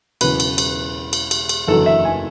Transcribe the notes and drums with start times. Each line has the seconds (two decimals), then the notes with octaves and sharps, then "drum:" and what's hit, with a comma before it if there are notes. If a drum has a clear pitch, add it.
0.21 E1 E2 C#3 F#3 B4, drum: cymbal
0.40 drum: cymbal
0.58 drum: cymbal
1.13 drum: cymbal
1.31 drum: cymbal
1.49 drum: cymbal
1.67 F#1 E2 D3 F#3 A4
1.86 E5
2.05 G#5